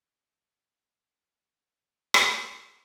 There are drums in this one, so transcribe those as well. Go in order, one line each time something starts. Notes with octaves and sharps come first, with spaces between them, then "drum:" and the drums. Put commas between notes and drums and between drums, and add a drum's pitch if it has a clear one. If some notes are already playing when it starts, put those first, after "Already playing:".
D3 C4
drum: rim click